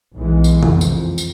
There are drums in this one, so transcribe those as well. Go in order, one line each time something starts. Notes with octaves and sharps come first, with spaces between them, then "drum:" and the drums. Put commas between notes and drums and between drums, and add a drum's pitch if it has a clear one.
B1 E3 G#3
drum: tambourine
F2, drum: tom
drum: tambourine
drum: tambourine